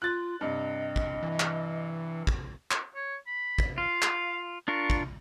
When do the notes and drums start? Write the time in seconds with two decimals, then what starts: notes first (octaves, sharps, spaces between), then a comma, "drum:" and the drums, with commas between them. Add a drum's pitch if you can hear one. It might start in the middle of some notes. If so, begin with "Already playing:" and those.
0.02 F4 F#6 A6
0.41 G2 C3 D#5
0.96 drum: kick
1.23 E3
1.40 drum: clap
2.27 drum: kick
2.71 drum: clap
2.95 C#5
3.27 B5
3.59 drum: kick
3.78 F4 F5
4.02 drum: clap
4.68 D4 F4 A#4 C#6
4.90 drum: kick